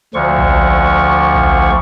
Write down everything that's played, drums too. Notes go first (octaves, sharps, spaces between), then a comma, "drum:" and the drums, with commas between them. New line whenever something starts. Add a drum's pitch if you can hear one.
D2 D3 F3 C#6
drum: kick A#1
drum: kick A#1